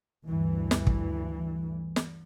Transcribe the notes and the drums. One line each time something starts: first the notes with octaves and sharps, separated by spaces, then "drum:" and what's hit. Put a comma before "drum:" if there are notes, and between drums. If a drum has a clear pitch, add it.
D2 G2 E3
drum: snare
drum: kick
drum: snare